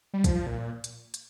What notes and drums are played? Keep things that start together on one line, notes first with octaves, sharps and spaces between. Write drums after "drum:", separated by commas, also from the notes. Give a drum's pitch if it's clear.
G3
F3, drum: kick, hi-hat
A#2
drum: hi-hat
drum: hi-hat